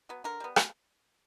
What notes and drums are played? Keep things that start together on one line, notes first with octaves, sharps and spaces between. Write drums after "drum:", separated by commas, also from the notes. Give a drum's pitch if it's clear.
F#3 B3
D3 A#4
G3 B3
drum: rim click